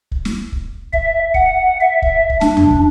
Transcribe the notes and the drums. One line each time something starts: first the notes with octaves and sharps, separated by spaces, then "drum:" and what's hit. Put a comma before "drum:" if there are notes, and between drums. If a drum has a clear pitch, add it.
drum: kick
drum: snare
drum: kick
E5, drum: kick
F#5, drum: kick
E5
drum: kick
drum: kick
D4, drum: snare
drum: tom E2
drum: kick